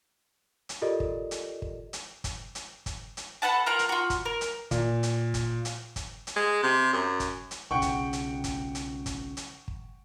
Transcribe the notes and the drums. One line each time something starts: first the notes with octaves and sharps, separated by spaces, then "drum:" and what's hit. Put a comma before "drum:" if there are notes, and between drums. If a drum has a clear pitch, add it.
drum: hi-hat
F4 G4 A4 A#4 D5 D#5
drum: kick
drum: hi-hat
drum: kick
drum: hi-hat
drum: kick, hi-hat
drum: hi-hat
drum: kick, hi-hat
drum: hi-hat
A4 B4 F#5 A5
F4 A#4 F#5 A#5
drum: hi-hat
F4 F#4
drum: kick, hi-hat
A#4
drum: hi-hat
A#2, drum: kick, hi-hat
drum: hi-hat
drum: kick, hi-hat
drum: hi-hat
drum: kick, hi-hat
drum: hi-hat
G#3
C3
F#2
drum: kick, hi-hat
drum: hi-hat
B1 C#3 F#5 G5 C#6
drum: kick, hi-hat
drum: hi-hat
drum: kick, hi-hat
drum: hi-hat
drum: kick, hi-hat
drum: hi-hat
drum: kick